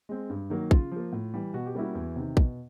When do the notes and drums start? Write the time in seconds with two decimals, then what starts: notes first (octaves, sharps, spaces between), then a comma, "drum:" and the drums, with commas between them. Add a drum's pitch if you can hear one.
0.09 G#3 C4
0.30 G2
0.50 D#3 F#3 A#3
0.71 C#3 F4, drum: kick
0.91 F3 A#3
1.13 A2
1.34 E3 G3
1.54 B2 F#4
1.66 G4
1.75 G3 A#3 C#4 E4 F#4
1.95 E2
2.16 C3 D#3
2.37 B2, drum: kick